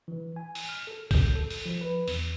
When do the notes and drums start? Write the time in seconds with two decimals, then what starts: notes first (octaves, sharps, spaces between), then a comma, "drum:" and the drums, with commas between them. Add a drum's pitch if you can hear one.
0.08 E3
0.36 G#5
0.55 drum: open hi-hat
0.69 F6
0.87 A4
1.11 G6, drum: kick A#1, open hi-hat
1.35 A4
1.50 drum: open hi-hat
1.66 F3
1.81 B4
2.08 E2, drum: open hi-hat